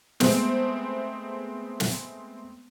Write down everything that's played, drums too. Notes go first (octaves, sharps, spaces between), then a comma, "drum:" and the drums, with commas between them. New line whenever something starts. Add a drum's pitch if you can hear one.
G#3 A3 B3 C4, drum: snare
drum: snare